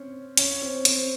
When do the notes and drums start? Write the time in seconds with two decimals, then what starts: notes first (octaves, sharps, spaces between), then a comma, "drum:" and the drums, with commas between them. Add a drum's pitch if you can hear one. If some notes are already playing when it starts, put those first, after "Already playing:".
Already playing: C4 C#4
0.37 C#4, drum: hi-hat
0.62 C4
0.85 C4, drum: hi-hat